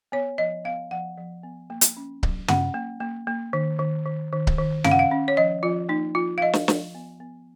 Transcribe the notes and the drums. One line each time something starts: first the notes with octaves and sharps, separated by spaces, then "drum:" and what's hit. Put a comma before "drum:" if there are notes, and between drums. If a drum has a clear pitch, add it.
B3 C#5
F3 D#5
B3 F5
F3 F#5
F3
B3
A#3
drum: hi-hat
C#4
F#3, drum: kick C#1
C#4 F#5, drum: tom
A#3
A#3
A#3
D#3
D#3
D#3
D#3
drum: kick C#1
D#3
C#4 F5, drum: tom
F#5
F5
C#4
C#5
F3 D#5
F3 F4
A#3 D#4
F3 F4
F5
F3 D#5
drum: snare
F3, drum: snare
B3
B3